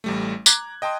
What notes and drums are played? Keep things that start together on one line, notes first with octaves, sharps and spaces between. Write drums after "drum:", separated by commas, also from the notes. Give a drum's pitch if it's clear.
A1 G3 A3
A#5 D6 F#6 G#6, drum: tambourine
D#5 G5 A5 C6 D#6